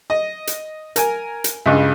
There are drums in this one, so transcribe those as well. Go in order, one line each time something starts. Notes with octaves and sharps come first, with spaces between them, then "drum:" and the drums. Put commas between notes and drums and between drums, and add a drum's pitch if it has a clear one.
D#5
drum: hi-hat
A#4 G#5, drum: hi-hat
drum: hi-hat
C#2 G2 C#3